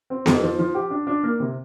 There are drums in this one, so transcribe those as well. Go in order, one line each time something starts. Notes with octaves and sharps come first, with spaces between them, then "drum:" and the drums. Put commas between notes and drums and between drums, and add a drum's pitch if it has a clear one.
C4
F2, drum: snare B3
F3
F3
G4
D4
D4
A#3
C3